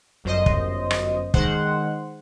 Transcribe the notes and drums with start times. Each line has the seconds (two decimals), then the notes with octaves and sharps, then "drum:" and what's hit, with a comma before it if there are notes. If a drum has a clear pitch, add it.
0.24 G1 F#2 C5 D#5
0.46 drum: kick
0.91 drum: rim click
1.34 D#3 G#3 C5 F#5, drum: kick